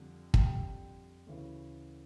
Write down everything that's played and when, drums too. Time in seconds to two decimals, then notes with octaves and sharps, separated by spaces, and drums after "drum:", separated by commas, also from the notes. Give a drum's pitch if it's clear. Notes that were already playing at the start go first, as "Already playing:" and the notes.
Already playing: F2 D3 G3
0.34 F2 D3 G3 G5, drum: kick
1.27 D2 C#3 E3